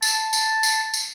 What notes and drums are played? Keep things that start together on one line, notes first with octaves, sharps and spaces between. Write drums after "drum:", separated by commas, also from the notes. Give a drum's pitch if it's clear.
A5, drum: tambourine
drum: tambourine
drum: tambourine
drum: tambourine